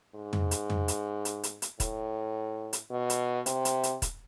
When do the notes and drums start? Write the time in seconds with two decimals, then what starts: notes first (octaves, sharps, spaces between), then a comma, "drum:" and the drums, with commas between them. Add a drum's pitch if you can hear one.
0.15 G#2
0.33 drum: tom
0.51 drum: hi-hat
0.70 drum: tom
0.88 drum: hi-hat
1.25 drum: hi-hat
1.43 drum: hi-hat
1.62 drum: hi-hat
1.80 A2, drum: kick, hi-hat
2.73 drum: hi-hat
2.91 B2
3.10 drum: hi-hat
3.46 C3, drum: hi-hat
3.65 drum: hi-hat
3.83 drum: hi-hat
4.02 drum: kick, hi-hat